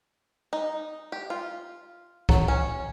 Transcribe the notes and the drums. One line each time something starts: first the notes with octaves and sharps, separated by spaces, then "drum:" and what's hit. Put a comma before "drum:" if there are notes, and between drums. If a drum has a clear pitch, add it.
D#4
G4
F4
F#3, drum: kick C2
C#4